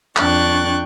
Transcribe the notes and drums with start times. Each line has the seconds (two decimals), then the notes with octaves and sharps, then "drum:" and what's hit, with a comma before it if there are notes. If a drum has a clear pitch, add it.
0.17 F2 D4 G5 C#6 F#6 A6, drum: clap